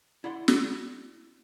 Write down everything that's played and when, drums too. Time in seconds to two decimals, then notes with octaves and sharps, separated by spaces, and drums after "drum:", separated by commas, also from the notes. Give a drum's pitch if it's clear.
0.24 E4 D5 F#5 C6
0.48 drum: snare